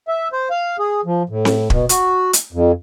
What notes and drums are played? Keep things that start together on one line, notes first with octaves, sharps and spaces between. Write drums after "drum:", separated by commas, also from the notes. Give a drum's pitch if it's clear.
E5
C5
F5
G#4
F3
A2
drum: snare C4
B2, drum: kick
F#4, drum: hi-hat
drum: hi-hat
F2